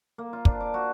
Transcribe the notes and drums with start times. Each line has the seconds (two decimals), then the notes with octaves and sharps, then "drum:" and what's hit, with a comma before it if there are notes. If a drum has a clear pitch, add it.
0.18 A#3
0.33 F4
0.45 D4, drum: kick
0.61 D6
0.74 F#4